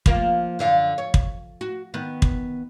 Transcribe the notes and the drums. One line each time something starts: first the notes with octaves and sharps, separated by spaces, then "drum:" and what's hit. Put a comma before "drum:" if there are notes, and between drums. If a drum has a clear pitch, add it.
F3 A#3, drum: kick
F#2 D3 F5
C#5
drum: kick
F#4
D#3 B3
drum: kick